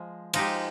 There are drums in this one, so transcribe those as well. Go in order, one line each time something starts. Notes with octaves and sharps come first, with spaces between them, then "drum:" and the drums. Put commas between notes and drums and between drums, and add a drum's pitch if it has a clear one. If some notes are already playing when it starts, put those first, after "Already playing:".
Already playing: F3 G#3
F3 G#3 D#4 G4, drum: cymbal